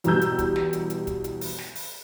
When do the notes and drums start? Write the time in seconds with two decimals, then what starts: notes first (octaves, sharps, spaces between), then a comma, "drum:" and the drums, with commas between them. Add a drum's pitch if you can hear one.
0.04 E2 B2 G3 A#5 E6 G6, drum: hi-hat
0.21 drum: hi-hat
0.39 drum: kick, hi-hat
0.56 drum: snare
0.73 drum: hi-hat
0.90 drum: hi-hat
1.07 drum: kick, hi-hat
1.24 drum: hi-hat
1.41 drum: open hi-hat
1.58 drum: snare
1.75 drum: open hi-hat